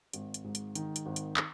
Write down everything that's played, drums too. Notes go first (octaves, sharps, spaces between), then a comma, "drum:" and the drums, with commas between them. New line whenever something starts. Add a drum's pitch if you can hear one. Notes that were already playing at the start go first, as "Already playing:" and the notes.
G#1, drum: hi-hat
drum: hi-hat
G#2
drum: hi-hat
D#3, drum: hi-hat
drum: hi-hat
G#1
drum: hi-hat
drum: clap